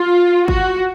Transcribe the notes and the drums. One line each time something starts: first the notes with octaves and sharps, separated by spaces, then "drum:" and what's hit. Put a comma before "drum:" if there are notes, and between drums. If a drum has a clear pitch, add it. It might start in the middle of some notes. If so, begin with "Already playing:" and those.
Already playing: F4
F#4, drum: kick